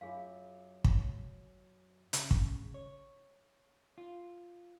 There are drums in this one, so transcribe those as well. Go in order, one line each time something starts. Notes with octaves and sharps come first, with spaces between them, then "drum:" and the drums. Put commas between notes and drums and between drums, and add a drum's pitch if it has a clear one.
F#2 F4 G#4 F5
drum: kick
C#3, drum: hi-hat
drum: kick
C#5
F4